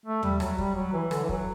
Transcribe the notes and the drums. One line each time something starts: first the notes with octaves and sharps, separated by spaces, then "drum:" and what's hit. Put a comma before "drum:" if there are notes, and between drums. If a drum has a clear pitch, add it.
A3
G3, drum: tom D#2
F#3, drum: rim click
G3, drum: kick
F#3
E3
D3, drum: rim click
E3
F#3, drum: kick